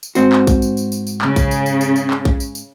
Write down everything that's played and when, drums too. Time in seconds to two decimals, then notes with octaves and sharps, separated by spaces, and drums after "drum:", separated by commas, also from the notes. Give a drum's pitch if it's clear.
0.03 drum: tambourine
0.15 G#2 C4 F#4, drum: tambourine
0.32 drum: clap
0.47 drum: kick A#1, tambourine
0.62 drum: tambourine
0.77 drum: tambourine
0.92 drum: tambourine
1.07 drum: tambourine
1.21 C#3, drum: clap
1.36 drum: kick A#1, tambourine
1.51 drum: tambourine
1.66 drum: tambourine
1.81 drum: tambourine
1.96 drum: tambourine
2.10 drum: clap
2.25 drum: kick A#1
2.40 drum: tambourine
2.55 drum: tambourine